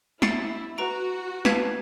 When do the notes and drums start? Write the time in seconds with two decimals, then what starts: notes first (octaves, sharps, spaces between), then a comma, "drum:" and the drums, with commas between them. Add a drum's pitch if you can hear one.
0.22 E4 A6 C7 C#7, drum: snare
0.78 F#4 B4 A#5 D7
1.45 B4 F5 A5 G#6 B6, drum: snare